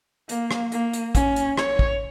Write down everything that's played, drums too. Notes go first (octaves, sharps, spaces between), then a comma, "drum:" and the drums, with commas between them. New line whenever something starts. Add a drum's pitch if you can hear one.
A#3, drum: hi-hat
drum: rim click
A#3, drum: hi-hat
drum: hi-hat
C#4, drum: kick, hi-hat
drum: hi-hat
C#5, drum: rim click
drum: kick